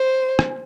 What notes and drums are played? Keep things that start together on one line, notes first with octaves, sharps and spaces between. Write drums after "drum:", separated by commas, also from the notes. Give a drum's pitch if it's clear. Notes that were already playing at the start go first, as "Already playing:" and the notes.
Already playing: C5
drum: rim click